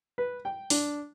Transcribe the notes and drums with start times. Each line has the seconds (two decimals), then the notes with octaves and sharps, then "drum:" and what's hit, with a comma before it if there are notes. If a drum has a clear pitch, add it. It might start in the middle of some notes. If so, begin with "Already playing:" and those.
0.18 B4
0.45 G5
0.70 D4, drum: open hi-hat